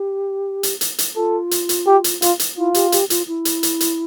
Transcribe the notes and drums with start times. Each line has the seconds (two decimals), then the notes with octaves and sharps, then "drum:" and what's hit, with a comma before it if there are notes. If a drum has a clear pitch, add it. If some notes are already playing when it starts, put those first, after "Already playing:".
Already playing: G4
0.63 drum: hi-hat
0.81 drum: hi-hat
0.98 drum: hi-hat
1.16 F4 A4
1.51 drum: hi-hat
1.69 drum: hi-hat
1.87 G4
2.04 drum: hi-hat
2.22 F4, drum: hi-hat
2.39 drum: hi-hat
2.57 E4 F4
2.74 G4, drum: hi-hat
2.92 G4, drum: hi-hat
3.10 F4, drum: hi-hat
3.28 E4
3.45 drum: hi-hat
3.63 drum: hi-hat
3.80 drum: hi-hat